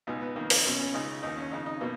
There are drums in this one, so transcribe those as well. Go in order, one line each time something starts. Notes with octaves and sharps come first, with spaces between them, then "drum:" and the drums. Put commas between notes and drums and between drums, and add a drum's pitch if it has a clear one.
C#2 B2 D#4
B3
F2 D#3 A#3
A#3, drum: open hi-hat
C#2 B2 C#4
C#4
C#2 C#3 D#4
D#2 D#3 D#4
C#4
F2 C#3 D#4
D#4
B2 A#3